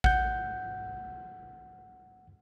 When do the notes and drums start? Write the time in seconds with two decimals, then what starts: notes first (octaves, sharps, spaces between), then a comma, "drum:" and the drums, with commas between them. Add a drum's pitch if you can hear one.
0.04 F#5 G6, drum: kick A1